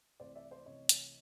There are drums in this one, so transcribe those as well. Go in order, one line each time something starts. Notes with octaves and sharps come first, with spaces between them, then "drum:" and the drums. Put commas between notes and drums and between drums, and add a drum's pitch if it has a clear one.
C2 C3 E3 A3 C5 D5
D5 E5
C5 D5
C2 C3 E3 A3 C#5 D#5
drum: hi-hat